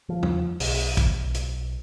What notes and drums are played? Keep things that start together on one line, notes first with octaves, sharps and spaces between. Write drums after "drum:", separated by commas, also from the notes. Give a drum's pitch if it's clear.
F3
drum: tom
B1, drum: open hi-hat
drum: kick, hi-hat
drum: hi-hat